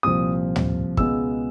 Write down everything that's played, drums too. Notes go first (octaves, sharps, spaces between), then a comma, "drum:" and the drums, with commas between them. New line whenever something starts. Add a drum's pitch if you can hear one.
C2 A#2 F3 D#6
drum: tom
C#2 B2 G#3 B3 E6, drum: kick